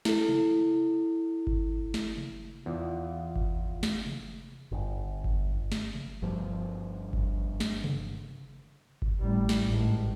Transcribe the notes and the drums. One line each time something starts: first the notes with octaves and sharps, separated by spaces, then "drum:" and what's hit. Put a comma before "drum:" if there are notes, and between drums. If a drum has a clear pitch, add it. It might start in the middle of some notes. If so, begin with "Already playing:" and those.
E4 A4, drum: snare
drum: tom C3
drum: kick G1
drum: snare
drum: tom C3
E2 F4
drum: kick G1
drum: snare
drum: tom C3
G1
drum: kick G1
drum: snare
drum: tom C3
G1 G2 F3
drum: kick G1
drum: snare
drum: tom C3
drum: kick G1
A1 G3
drum: snare
G#1 A2